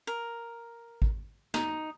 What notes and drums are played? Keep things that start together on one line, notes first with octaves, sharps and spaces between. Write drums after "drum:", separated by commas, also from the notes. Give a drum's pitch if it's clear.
A#4
drum: kick G#1
D#4, drum: snare